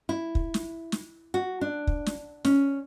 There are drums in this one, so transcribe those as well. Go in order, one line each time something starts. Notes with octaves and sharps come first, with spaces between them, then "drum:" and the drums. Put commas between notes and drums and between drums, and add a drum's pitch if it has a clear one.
E4
drum: kick
drum: snare
drum: snare
F#4
D4
drum: kick
drum: snare
C#4, drum: snare